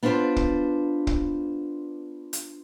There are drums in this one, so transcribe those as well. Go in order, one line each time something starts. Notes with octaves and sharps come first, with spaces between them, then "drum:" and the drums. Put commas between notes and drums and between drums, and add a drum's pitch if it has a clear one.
B3 D4 F4 B4 C5
drum: kick
drum: kick
drum: hi-hat